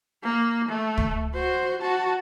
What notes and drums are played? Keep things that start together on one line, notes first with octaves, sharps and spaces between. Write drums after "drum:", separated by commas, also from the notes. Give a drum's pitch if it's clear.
A#3
A3
drum: kick
F#4 C5
F#4 A5